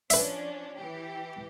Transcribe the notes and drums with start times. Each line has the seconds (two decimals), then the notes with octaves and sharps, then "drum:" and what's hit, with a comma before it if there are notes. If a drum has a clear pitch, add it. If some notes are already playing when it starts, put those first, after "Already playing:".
0.10 F3 C#4 D4 B4 E5, drum: open hi-hat
0.78 E3 G4